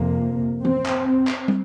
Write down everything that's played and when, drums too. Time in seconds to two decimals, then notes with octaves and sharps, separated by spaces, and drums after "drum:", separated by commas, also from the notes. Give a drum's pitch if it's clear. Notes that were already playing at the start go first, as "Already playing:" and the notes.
Already playing: F2 C3 A#3
0.65 C4, drum: tom E3
0.86 drum: clap
1.27 drum: clap
1.48 drum: tom